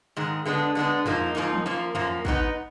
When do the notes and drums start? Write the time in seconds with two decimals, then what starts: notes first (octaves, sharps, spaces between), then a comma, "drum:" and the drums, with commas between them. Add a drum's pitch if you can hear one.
0.16 G#2 D#3 G#3
0.45 D3 G#3 B3 D4
0.75 D3 G#3 B3 D4
1.06 G#2 F3 A#3 D#4, drum: tom
1.35 G#2 F3 A#3 D#4
1.53 drum: tom
1.66 F#2 F3 A#3
1.95 F#2 F3 A#3, drum: tom
2.25 G#2 F#3 B3 D#4, drum: kick